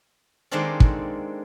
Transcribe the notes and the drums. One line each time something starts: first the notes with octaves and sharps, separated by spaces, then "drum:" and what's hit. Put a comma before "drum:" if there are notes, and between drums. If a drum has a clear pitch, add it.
D#3 G#3 A#3 C4 D4 A4
drum: kick